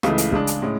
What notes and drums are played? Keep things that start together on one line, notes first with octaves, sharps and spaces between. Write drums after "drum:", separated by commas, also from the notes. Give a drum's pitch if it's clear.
C#2 C#3 E3 A3, drum: rim click
drum: hi-hat
C#3 G#3 D4, drum: kick
drum: hi-hat
A2 G#3 C#4